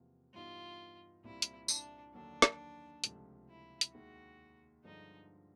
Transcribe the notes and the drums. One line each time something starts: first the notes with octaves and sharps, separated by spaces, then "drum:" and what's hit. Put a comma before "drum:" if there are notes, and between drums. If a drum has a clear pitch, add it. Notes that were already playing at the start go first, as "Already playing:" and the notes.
Already playing: E2 C3 F3 A#3
G2 E3 G3 B3 D#4 F4
C2 A#2 G3 C4 E4 F4
drum: hi-hat
D4, drum: tambourine
D#2 D3 F#3 A#3 D4
drum: snare
C#2 C3 F3 A3, drum: hi-hat
E4
drum: hi-hat
D#2 D#3 G#3 F#4
G2 D3 F3 G#3 D#4